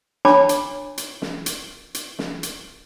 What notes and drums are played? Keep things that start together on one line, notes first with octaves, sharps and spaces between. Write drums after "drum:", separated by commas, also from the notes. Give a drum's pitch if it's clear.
D4 C#5 A5 B5 D6, drum: snare
drum: hi-hat
drum: hi-hat
drum: snare
drum: hi-hat
drum: hi-hat
drum: snare
drum: hi-hat